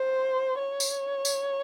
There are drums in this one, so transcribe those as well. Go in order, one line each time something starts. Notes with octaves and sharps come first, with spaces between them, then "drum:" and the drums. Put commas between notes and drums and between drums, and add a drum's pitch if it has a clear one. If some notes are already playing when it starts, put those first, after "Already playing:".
Already playing: C5
C#5
drum: tambourine
drum: tambourine